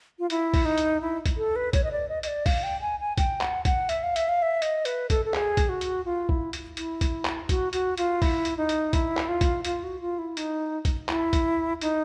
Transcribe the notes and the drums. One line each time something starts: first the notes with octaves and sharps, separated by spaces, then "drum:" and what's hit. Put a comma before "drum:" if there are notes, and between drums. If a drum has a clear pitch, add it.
F4
E4, drum: hi-hat
drum: kick A#1, open hi-hat
D#4
drum: hi-hat
E4
drum: kick A#1, hi-hat
A4
B4
C#5, drum: kick A#1, hi-hat
D#5
D5
D#5
D#5, drum: hi-hat
D5
F5, drum: kick A#1, open hi-hat
G5
G#5
G#5
G5, drum: kick A#1, hi-hat
F#5, drum: clap
F#5, drum: kick A#1, hi-hat
E5, drum: hi-hat
F5
E5, drum: hi-hat
F5
E5
D#5, drum: hi-hat
B4, drum: hi-hat
A4, drum: kick A#1, hi-hat
A4
G#4, drum: clap
drum: kick A#1, hi-hat
F#4
drum: hi-hat
F4
E4, drum: kick A#1
drum: hi-hat
E4, drum: hi-hat
drum: kick A#1, hi-hat
drum: clap
F#4, drum: kick A#1, hi-hat
F#4, drum: hi-hat
F4, drum: hi-hat
E4, drum: kick A#1, open hi-hat
drum: hi-hat
D#4
drum: hi-hat
E4, drum: kick A#1, hi-hat
drum: clap
F4
drum: kick A#1, hi-hat
F4, drum: hi-hat
F#4
F4
E4
D#4, drum: hi-hat
drum: kick A#1, hi-hat
E4, drum: clap
drum: kick A#1, hi-hat
D#4, drum: hi-hat